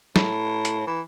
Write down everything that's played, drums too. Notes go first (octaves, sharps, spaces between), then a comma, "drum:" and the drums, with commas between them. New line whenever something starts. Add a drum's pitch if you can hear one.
A2, drum: snare
drum: hi-hat
E3